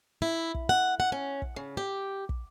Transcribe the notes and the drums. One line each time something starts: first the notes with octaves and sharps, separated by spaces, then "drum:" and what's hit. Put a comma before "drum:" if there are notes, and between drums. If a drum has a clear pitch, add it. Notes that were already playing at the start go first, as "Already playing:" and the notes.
E4
drum: kick
F#5
F#5
C#4
drum: kick
C#3
G4
drum: kick